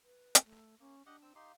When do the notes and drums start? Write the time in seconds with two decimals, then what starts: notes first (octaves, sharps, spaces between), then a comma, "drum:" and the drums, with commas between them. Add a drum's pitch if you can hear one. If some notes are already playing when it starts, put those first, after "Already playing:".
0.04 B4
0.35 drum: hi-hat
0.45 A3
0.80 A#3 C#4
1.06 D4 G4 D#5 F#5
1.22 C4 E6
1.35 D#4 G4 F5 C6